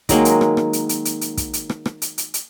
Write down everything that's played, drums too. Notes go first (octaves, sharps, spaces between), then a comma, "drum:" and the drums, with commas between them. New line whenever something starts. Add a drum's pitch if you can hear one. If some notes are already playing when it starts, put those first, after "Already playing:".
D#3 F#3 G#3 A#3, drum: kick, hi-hat
drum: hi-hat
drum: rim click
drum: rim click
drum: hi-hat
drum: hi-hat
drum: hi-hat
drum: hi-hat
drum: kick, hi-hat
drum: hi-hat
drum: rim click
drum: rim click
drum: hi-hat
drum: hi-hat
drum: hi-hat